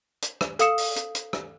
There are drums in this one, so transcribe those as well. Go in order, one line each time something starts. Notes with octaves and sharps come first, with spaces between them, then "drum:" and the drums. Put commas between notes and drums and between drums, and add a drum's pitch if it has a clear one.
drum: hi-hat
drum: rim click
A4 F5 D#6 C#7 E7, drum: hi-hat
drum: open hi-hat
drum: hi-hat
drum: hi-hat
drum: rim click